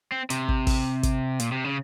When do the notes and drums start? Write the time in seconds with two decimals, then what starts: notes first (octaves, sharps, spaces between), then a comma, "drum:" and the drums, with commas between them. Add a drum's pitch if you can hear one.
0.12 C4
0.30 C3, drum: hi-hat
0.48 drum: kick
0.67 drum: kick, open hi-hat
1.03 drum: kick, hi-hat
1.40 A#2, drum: hi-hat
1.52 C3
1.64 C#3